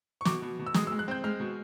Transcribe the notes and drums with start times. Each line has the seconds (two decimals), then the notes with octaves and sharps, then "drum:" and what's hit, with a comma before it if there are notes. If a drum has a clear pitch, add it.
0.21 C#6
0.25 B2 D6, drum: snare
0.42 B2
0.59 B2
0.66 E6
0.74 G#3 D#6, drum: snare
0.87 E6
0.92 G#3
0.99 F#6
1.08 C4 G6
1.24 G#3 F6
1.40 B2